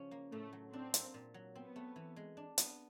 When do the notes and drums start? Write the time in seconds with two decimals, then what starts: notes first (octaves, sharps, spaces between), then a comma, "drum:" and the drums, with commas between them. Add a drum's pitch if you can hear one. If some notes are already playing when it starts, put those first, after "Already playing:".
Already playing: C#3 F3 C#4
0.11 A#3
0.32 A2 A3
0.53 F#3
0.73 C4 D4
0.94 A#3, drum: hi-hat
1.14 A#2
1.34 F#3
1.55 B3 C4
1.76 A3
1.96 E3
2.16 G#3
2.37 D4
2.58 B3, drum: hi-hat